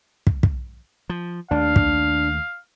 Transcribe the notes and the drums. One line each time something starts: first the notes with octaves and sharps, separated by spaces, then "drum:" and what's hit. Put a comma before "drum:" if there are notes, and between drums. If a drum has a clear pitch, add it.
drum: kick
drum: kick
F3
D#2 A3 D4 F5
drum: kick